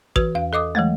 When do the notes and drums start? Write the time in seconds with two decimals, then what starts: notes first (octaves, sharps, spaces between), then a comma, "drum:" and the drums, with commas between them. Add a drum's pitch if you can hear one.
0.16 E3 F#4 B4, drum: kick A1
0.35 E2 F5
0.53 A4 D#5 D6 D#6
0.75 E3 F#3 G#3 A3